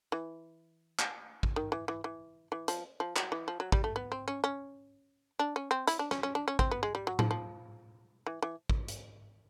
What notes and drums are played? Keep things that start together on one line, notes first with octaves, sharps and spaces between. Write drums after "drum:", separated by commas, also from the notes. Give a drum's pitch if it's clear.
E3
drum: clap
drum: kick A1
D#3
E3
E3
E3
E3
F3, drum: hi-hat
F3
F#3, drum: clap
E3
F3
F#3
G3, drum: kick A1
A3
B3
C4
C#4
C#4
D4
C#4
C4
E4, drum: hi-hat
D4
C#4, drum: rim click
C#4
D4
C#4
C4, drum: kick A1
B3
G#3
G3
F#3
F3, drum: tom A2
F3
E3
E3
drum: kick A1
drum: hi-hat